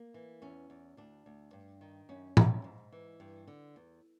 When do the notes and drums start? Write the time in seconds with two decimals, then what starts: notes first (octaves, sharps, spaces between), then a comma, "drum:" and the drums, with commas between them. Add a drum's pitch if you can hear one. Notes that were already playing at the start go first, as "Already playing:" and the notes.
Already playing: A#3
0.14 E3
0.42 E2 C#4
0.70 E2
0.97 D2 D4
1.26 D2
1.53 G2
1.81 D#3
2.09 F#2 C#4
2.37 F#2, drum: tom A2
2.64 G#2
2.92 E3
3.20 G2
3.47 D3
3.76 E2